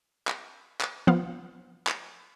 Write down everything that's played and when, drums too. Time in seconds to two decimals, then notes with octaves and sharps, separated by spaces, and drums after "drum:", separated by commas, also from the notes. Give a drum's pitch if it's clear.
0.28 drum: clap
0.81 drum: clap
1.07 F3 B3 F5
1.87 drum: clap